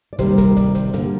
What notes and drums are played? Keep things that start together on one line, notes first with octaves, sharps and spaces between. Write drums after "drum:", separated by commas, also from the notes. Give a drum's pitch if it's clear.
D5
C3 D#3 G3 A#3 C5, drum: kick, hi-hat
A#4, drum: kick, hi-hat
D5, drum: kick, hi-hat
C5, drum: hi-hat
D3 G3 A#3 A#4, drum: hi-hat